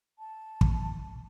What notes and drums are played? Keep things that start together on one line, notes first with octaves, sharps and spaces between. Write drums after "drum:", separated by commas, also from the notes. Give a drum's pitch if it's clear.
A5
drum: kick